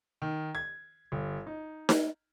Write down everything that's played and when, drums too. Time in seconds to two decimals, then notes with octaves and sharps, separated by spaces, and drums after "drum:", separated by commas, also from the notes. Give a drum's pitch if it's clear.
0.22 D#3
0.55 G#6
1.12 G1
1.47 D#4
1.89 drum: snare D#4